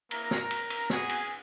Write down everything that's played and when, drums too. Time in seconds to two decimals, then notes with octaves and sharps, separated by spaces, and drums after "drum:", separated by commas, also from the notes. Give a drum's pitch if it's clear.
0.11 A#3 E4 A#4 A#5, drum: cymbal
0.31 drum: snare
0.51 drum: cymbal
0.70 drum: cymbal
0.90 B3 F#4 G#4 G#5, drum: snare
1.09 drum: cymbal